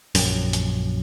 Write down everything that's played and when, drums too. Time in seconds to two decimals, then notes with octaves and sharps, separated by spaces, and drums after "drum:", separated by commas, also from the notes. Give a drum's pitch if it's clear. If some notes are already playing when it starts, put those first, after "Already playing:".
0.15 A#1 F#2, drum: open hi-hat
0.53 drum: hi-hat